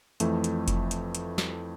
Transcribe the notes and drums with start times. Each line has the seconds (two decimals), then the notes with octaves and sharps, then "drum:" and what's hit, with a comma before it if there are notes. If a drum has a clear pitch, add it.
0.20 F2 E3 A3, drum: hi-hat
0.44 drum: hi-hat
0.68 drum: kick F1, hi-hat
0.91 drum: hi-hat
1.15 drum: hi-hat
1.38 drum: snare